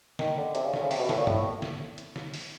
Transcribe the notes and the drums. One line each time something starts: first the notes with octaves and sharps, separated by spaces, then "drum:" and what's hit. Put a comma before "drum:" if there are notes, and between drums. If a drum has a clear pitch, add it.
D#3, drum: snare
D3
C3, drum: hi-hat
C#3
D3, drum: snare
C#3
C3, drum: open hi-hat
B2
A2, drum: snare
A#2
A2, drum: tom G2
drum: snare
drum: hi-hat
drum: snare
drum: open hi-hat